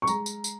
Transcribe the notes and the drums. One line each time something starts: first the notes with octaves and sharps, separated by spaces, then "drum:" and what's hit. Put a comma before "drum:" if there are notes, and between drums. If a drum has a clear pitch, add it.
C#6
G#3 A#5, drum: tambourine
drum: tambourine
drum: tambourine